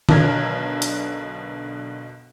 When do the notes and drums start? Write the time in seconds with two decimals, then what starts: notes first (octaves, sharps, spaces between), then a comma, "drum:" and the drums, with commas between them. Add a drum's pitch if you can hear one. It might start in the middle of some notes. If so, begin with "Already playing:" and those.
0.09 B1 B2 D3 A#4 F6 G#6, drum: tom D#3
0.82 drum: hi-hat